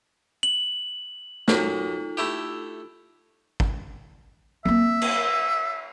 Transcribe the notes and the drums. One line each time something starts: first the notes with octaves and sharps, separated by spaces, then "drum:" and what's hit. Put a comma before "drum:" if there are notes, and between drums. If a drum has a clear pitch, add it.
F#7
F#2 D#4 F4 A4, drum: snare
A3 E4 G4
drum: kick
A#3 C4 E5, drum: tom
drum: cymbal